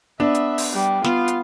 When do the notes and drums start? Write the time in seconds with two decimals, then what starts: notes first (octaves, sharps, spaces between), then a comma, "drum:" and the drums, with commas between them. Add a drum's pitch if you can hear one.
0.20 B3 D4 E5
0.35 drum: hi-hat
0.58 drum: open hi-hat
0.73 G3
1.04 B3 F4, drum: snare
1.28 drum: hi-hat